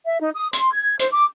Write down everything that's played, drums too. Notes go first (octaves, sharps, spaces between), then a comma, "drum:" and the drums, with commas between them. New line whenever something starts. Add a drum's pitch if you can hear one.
E5
D#4
D#6
C6, drum: hi-hat
G#6
C5, drum: hi-hat
D6